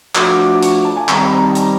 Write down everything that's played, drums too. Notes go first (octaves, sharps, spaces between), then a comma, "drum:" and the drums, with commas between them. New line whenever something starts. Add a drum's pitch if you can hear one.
F3 A3 D4 F#4 D6, drum: clap
D6
D6
D6
C#6, drum: hi-hat
A5
G#5
D#3 G3 C4 A#5, drum: clap
B5
A#5
A5
A#5, drum: hi-hat